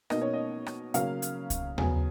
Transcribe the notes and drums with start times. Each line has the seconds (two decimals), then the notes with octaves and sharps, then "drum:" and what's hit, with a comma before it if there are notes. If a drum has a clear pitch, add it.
0.10 B2 A#3 D#4 D#5, drum: rim click
0.21 C#5
0.33 D#5
0.66 drum: rim click
0.94 C#3 F#3 A#3 C#4 F5, drum: hi-hat
1.22 drum: hi-hat
1.50 drum: kick C2, hi-hat
1.78 C#3 F#3 B3 G#5, drum: tom D#2